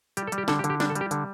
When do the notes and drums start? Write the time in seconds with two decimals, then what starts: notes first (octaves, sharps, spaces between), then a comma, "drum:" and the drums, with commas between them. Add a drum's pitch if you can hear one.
0.17 G3 G4, drum: hi-hat
0.27 A4
0.32 G3, drum: hi-hat
0.38 G4
0.48 D3 A4, drum: snare
0.59 G4
0.64 D3, drum: hi-hat
0.70 G4
0.80 G3 D4, drum: snare
0.90 A4
0.95 G3, drum: hi-hat
1.01 G4
1.11 D3, drum: hi-hat